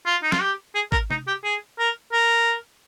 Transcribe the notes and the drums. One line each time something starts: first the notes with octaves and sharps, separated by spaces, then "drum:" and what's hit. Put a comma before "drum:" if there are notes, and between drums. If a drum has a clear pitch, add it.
F4
D#4
F4, drum: snare
G4
G#4
A#4, drum: kick G#1
D#4, drum: tom C3
G4
G#4
A#4
A#4